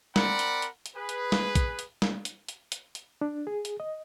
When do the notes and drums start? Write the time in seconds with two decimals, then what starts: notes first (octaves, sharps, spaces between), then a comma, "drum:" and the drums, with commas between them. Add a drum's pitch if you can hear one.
0.16 C4 A#4 D5 F#5 B5, drum: snare
0.39 drum: hi-hat
0.62 drum: hi-hat
0.86 drum: hi-hat
0.96 G#4 B4
1.09 drum: hi-hat
1.32 drum: snare
1.55 drum: kick, hi-hat
1.79 drum: hi-hat
2.02 drum: snare
2.25 drum: hi-hat
2.49 drum: hi-hat
2.72 drum: hi-hat
2.95 drum: hi-hat
3.21 D4
3.47 G#4
3.65 drum: hi-hat
3.80 D#5